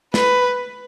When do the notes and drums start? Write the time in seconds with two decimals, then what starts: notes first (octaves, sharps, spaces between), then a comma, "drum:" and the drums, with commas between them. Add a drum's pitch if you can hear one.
0.14 B4, drum: snare